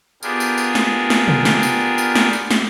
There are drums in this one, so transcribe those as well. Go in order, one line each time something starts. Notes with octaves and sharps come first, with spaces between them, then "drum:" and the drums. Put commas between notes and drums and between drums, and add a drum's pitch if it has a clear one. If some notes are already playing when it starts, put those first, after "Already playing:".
B3 D4 F4 G4 G#4 A#4, drum: tambourine
drum: tambourine
drum: tambourine
drum: snare
drum: snare
drum: tom
drum: snare
drum: tambourine
drum: tambourine
drum: snare
drum: tambourine
drum: snare